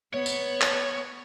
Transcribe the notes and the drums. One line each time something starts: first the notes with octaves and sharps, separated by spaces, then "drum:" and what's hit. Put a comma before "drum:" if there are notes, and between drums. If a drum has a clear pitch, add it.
B3 C#5
drum: tambourine
drum: clap